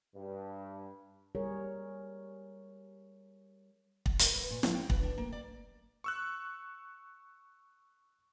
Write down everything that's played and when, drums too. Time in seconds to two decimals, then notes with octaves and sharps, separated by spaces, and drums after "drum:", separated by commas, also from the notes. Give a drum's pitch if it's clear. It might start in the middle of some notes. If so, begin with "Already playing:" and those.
0.16 G2
1.35 G3 G#4 A#4 C#5
4.06 drum: kick
4.19 A#4, drum: hi-hat
4.36 B4
4.50 A#2
4.63 F3, drum: snare
4.75 G5
4.90 B4, drum: kick
5.03 D4
5.18 A#3
5.33 D5
6.04 C#6 E6 F#6